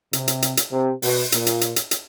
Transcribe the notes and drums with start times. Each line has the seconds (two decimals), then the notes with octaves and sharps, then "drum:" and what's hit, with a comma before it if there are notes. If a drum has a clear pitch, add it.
0.13 C3, drum: hi-hat
0.28 drum: hi-hat
0.42 drum: hi-hat
0.57 drum: hi-hat
0.72 C3
1.02 B2, drum: open hi-hat
1.32 A#2, drum: hi-hat
1.47 drum: hi-hat
1.61 drum: hi-hat
1.76 drum: hi-hat
1.91 drum: hi-hat